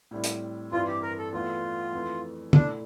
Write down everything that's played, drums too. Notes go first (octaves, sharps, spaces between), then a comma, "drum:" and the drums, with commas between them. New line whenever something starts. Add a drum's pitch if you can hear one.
A2 G3 C4 E4
drum: hi-hat
G2 E3 G3 C4 E4 F4
G4
A#4
A4
E2 E3 A3 F4
F2 E3 A3
A#2 A3 D4 E4, drum: tom